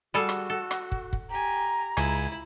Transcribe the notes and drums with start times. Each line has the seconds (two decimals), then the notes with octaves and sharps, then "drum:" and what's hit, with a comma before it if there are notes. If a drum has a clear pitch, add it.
0.14 G3 F#4 G#4 A4
0.29 drum: rim click
0.50 A4
0.71 drum: rim click
0.92 drum: kick
1.13 drum: kick
1.30 G4 G#5 A#5
1.97 C#2 E4 G#5, drum: rim click